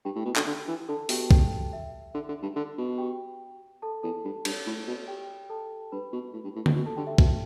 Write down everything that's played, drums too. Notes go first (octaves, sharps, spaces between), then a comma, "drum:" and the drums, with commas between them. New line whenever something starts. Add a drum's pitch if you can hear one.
G2 G4 G5
A2
B2
D3, drum: clap
D3
E3
D3 A4 A5
B2 G4 G5, drum: open hi-hat
G4 G5, drum: kick
E5
D3
D3
G2
D3
B2
G4 G5
A4 A5
E2 A4 A5
G2
G2, drum: cymbal
A2
B2
G4 G5
A4 A5
G2 B4 B5
B2
A2
G2
A2
G2, drum: tom D3
B2
A4 A5
D3 G4 G5
E5
B2, drum: kick